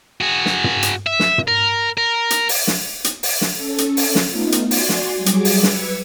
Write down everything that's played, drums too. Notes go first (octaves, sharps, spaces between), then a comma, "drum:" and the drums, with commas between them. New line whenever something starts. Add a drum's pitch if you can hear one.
F#4 G#4
drum: snare
drum: tom
drum: hi-hat
E5
drum: snare
drum: tom
A#4
A#4
drum: hi-hat
drum: open hi-hat
drum: snare
drum: hi-hat
drum: open hi-hat
drum: snare
C#4 A4
drum: hi-hat
drum: open hi-hat
drum: snare
A3 B3 D#4 F4
drum: hi-hat
F#4 D5 G#5 C6, drum: open hi-hat
drum: snare
F#3 G3 G#4 D6
drum: hi-hat
drum: open hi-hat
B4 E6 G#6 C#7, drum: snare